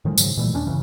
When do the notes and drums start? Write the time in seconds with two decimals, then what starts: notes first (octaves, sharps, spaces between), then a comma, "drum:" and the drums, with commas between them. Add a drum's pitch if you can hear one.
0.05 A2 D#3 F3 G#3
0.18 G#2 C#3 F#3, drum: tambourine
0.37 A#2 E3 G3 A3
0.53 E2 A#2 C#4 D4
0.67 C2 G2 C#3 E3